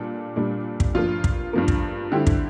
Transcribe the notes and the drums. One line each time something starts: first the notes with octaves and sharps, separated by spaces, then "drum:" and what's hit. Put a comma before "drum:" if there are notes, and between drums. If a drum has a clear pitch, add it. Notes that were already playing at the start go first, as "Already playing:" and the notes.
Already playing: A#2 G3 D4 A4
A#2 G3 D4
drum: kick
G2 F3 A#3 F4
drum: kick
G2 F3 A#3
drum: kick
D3 G3 C4 E4 G4
drum: kick